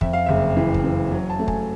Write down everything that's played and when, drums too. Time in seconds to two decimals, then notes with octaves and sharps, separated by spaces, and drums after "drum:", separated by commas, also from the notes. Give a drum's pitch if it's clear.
0.01 F2 E5, drum: kick
0.13 F5
0.26 F#1 E5
0.57 E3
0.74 drum: kick
0.84 E3
1.12 F#3
1.30 A5
1.39 A3
1.48 G#5, drum: kick